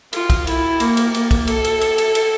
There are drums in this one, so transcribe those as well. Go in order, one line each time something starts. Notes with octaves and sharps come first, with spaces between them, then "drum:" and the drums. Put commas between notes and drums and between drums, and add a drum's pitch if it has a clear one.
F4, drum: cymbal
drum: kick, cymbal
E4, drum: cymbal
A#3, drum: cymbal
drum: cymbal
A#3, drum: cymbal
drum: kick, cymbal
A4, drum: cymbal
drum: cymbal
drum: cymbal
drum: cymbal
drum: cymbal